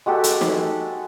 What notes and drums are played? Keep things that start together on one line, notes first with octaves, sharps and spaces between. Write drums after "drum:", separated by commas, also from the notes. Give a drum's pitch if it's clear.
G#3 F#4 G4 A4
drum: hi-hat
drum: snare